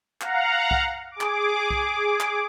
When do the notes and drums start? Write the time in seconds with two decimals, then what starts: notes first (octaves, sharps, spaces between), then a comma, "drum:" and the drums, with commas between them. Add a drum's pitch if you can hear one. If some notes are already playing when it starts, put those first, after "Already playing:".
0.21 F5 F#5 A#5, drum: clap
0.71 drum: kick B1
1.12 G#4 D6
1.21 drum: clap
1.71 drum: kick B1
2.20 drum: clap